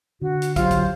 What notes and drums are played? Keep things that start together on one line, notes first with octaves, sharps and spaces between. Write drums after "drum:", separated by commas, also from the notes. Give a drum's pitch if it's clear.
D3 F#4
drum: hi-hat
F#3 F4 G4 C5 F5, drum: kick, hi-hat
drum: kick, hi-hat